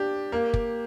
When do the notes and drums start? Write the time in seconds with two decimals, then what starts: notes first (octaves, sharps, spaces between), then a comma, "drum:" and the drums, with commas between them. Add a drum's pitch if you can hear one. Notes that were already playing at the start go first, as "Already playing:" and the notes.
Already playing: D4 G4
0.32 A#3
0.54 drum: kick